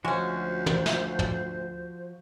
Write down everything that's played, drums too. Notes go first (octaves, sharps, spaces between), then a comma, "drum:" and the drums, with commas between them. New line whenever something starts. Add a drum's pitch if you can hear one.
D2 F3 G#3 C#4 F#4 C5
drum: tom
drum: snare
drum: tom